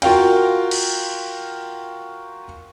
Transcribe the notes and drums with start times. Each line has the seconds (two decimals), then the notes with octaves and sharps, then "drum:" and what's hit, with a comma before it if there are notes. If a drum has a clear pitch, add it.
0.02 F4 F#4 A#4 F5 G5, drum: cymbal
0.71 drum: cymbal